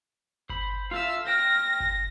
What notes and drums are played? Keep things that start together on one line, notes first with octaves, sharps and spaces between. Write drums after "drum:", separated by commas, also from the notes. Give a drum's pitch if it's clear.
C5 B5, drum: kick G1
F4 A4 E5 F5 E6
C5 G5 F6 A#6
drum: kick G1